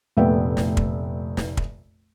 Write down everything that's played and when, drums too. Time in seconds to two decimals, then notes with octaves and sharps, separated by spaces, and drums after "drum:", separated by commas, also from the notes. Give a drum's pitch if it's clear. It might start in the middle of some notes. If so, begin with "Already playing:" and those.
0.17 F1 A#1 A3 B3 E5 G5
0.57 drum: snare
0.77 drum: kick
1.37 drum: snare
1.57 drum: kick